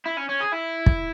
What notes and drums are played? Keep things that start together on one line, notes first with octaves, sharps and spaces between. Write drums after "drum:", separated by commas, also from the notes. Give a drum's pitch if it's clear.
E4
C#4
C#4
G#4
E4
drum: kick